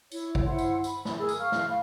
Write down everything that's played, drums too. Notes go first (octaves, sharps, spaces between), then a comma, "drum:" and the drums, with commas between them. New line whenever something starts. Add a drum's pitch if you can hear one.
E4 C#5, drum: tambourine
drum: kick
E4 C5 F#5 C6
drum: tambourine
B5, drum: tambourine
drum: snare
G#4 A#4 E6
drum: tambourine
F5 C#6 F6
drum: snare
F5 B5